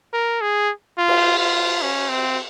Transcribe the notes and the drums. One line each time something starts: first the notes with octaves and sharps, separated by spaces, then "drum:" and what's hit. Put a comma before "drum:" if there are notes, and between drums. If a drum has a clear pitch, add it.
A#4
G#4
F4
drum: cymbal
F4
C#4
C4